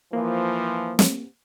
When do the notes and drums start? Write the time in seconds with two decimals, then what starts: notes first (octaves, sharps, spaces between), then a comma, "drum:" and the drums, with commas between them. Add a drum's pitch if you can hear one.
0.13 E3 F3 A#3
0.99 drum: snare